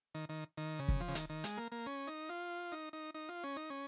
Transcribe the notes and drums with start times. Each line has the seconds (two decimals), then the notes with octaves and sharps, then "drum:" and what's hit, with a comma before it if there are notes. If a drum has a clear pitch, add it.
0.15 D#3
0.29 D#3
0.57 D#3
0.79 C#3
0.88 drum: kick
1.00 F3
1.08 C#3
1.15 D#3, drum: hi-hat
1.29 D#3
1.44 G#3, drum: hi-hat
1.57 A#3
1.72 A#3
1.86 C#4
2.07 D#4
2.29 F4
2.72 D#4
2.93 D#4
3.14 D#4
3.29 F4
3.44 C#4
3.57 D#4
3.70 C#4